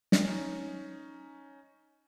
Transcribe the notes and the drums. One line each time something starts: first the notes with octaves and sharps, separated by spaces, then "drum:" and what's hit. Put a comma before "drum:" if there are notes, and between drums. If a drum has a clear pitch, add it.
drum: snare
C#4 D#4